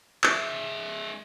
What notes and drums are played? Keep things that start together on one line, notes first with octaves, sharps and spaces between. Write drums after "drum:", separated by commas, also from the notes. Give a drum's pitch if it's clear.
G#3 E5, drum: clap